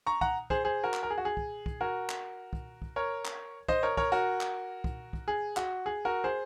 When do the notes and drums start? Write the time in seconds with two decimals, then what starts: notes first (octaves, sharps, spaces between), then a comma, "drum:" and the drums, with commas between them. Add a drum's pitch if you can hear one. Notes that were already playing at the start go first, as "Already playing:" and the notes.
0.07 A#5 C#6
0.21 F#5 A#5, drum: kick
0.50 G#4 C5, drum: kick
0.65 G#4 C5
0.84 F#4 A#4
0.94 drum: clap
1.03 A#4
1.10 G#4
1.18 F#4
1.25 G#4
1.37 drum: kick
1.66 drum: kick
1.81 F#4 A#4
2.09 drum: clap
2.53 drum: kick
2.82 drum: kick
2.96 A#4 C#5
3.25 drum: clap
3.68 C5 D#5, drum: kick
3.83 A#4 C#5
3.97 A#4 C#5, drum: kick
4.12 F#4 A#4
4.41 drum: clap
4.84 drum: kick
5.13 drum: kick
5.28 G#4
5.57 F#4, drum: clap
5.86 G#4
6.05 F#4 A#4
6.24 G#4 C5